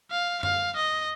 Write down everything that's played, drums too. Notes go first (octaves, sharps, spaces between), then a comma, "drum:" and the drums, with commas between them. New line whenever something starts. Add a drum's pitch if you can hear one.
F5
F5, drum: tom F#2
D#5